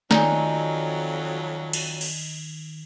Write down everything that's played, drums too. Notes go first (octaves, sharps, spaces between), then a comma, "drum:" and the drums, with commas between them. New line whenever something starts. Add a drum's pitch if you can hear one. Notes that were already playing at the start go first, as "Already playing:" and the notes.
F2 D#3 F#3 D#4 D5 G#5, drum: snare
drum: cymbal
drum: cymbal